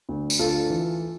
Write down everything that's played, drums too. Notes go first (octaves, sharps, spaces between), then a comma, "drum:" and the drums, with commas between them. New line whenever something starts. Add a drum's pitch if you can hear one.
D2
drum: tambourine
D2 F4 A4
E3